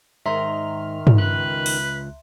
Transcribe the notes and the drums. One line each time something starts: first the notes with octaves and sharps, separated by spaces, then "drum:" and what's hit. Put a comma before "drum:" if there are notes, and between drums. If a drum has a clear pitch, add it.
G#2 D#3 E5 A#5 C6 F6
drum: tom
C#2 B4 F#6
drum: open hi-hat